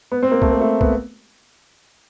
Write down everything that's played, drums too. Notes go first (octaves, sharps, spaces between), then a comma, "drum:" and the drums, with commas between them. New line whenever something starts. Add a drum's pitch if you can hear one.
B3
C4
A#3
A3, drum: kick C2
A#3
A3
B3, drum: kick C2